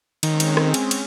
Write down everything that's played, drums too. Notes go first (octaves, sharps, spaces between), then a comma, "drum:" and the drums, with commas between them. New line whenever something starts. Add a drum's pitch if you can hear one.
D#3 G#3 C4 C#4, drum: cymbal
drum: cymbal
drum: rim click
drum: cymbal
drum: cymbal